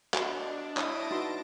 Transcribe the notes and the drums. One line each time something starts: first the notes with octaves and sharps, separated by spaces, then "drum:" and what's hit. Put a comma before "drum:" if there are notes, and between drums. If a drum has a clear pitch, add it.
D4 F#4 D#5, drum: clap
E4 C#5 A5 D#6 A#6 D7, drum: clap
D#4 F#4 B4 C6